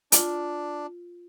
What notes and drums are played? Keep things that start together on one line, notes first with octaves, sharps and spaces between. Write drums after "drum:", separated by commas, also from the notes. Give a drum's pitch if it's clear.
D4 F4, drum: hi-hat